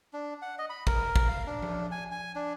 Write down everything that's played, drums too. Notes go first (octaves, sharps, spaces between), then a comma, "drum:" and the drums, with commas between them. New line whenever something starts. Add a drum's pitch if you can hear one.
D4
F#5
D#5
B5
A#4, drum: kick
drum: kick
F5
D4
drum: tom F3
G#5
G#5
D4